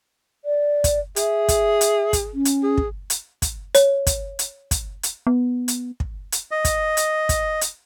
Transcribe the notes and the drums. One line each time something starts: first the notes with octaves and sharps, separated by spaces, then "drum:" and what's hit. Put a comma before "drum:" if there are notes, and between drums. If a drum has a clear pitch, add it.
D5
drum: kick, hi-hat
G#4 E5, drum: hi-hat
drum: kick, hi-hat
drum: hi-hat
drum: kick, hi-hat
C#4
drum: hi-hat
G#4
drum: kick
drum: hi-hat
drum: kick, hi-hat
C#5, drum: hi-hat
drum: kick, hi-hat
drum: hi-hat
drum: kick, hi-hat
drum: hi-hat
B3
drum: hi-hat
drum: kick
drum: hi-hat
D#5
drum: kick, hi-hat
drum: hi-hat
drum: kick, hi-hat
drum: hi-hat